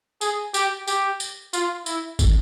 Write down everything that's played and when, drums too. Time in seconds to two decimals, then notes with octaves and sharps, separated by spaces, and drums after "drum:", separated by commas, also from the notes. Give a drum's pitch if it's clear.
0.21 G#4, drum: tambourine
0.54 G4, drum: tambourine
0.87 G4, drum: tambourine
1.20 drum: tambourine
1.53 F4, drum: tambourine
1.86 E4, drum: tambourine
2.19 drum: kick, tambourine